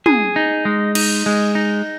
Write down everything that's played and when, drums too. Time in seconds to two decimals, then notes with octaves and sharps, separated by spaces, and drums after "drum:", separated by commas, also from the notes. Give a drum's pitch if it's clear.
0.06 G#4, drum: tom
0.36 D#4
0.65 G#3
0.95 D#4, drum: cymbal
1.26 G#3
1.55 D#4